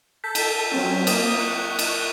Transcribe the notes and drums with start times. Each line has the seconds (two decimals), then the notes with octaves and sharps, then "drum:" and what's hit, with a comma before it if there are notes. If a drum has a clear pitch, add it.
0.24 A4 G6 B6
0.35 drum: cymbal
0.72 F#3 C4 C#4 D#7
1.07 A#3 D#6, drum: cymbal
1.38 C#6 F#6
1.79 drum: cymbal